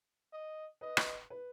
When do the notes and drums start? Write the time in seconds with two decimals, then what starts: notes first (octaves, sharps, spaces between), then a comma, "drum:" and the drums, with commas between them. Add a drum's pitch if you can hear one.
0.33 D#5
0.81 B4 D#5
0.97 B4, drum: rim click
1.30 B4